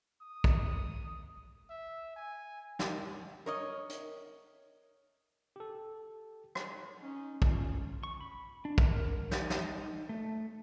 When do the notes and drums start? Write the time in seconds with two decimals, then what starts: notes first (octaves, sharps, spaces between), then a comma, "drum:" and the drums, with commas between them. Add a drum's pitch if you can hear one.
0.22 D#6
0.44 drum: kick
1.70 E5
2.16 G#5
2.79 drum: snare
3.46 A#4 C#5 D#5
3.89 drum: hi-hat
5.56 G4 A4
6.55 drum: rim click
7.01 C#4 D#4
7.42 C#4 F4, drum: kick
8.04 C#6
8.21 B5
8.65 D4
8.78 A#4, drum: kick
9.31 drum: snare
9.50 D#4, drum: snare
10.09 A3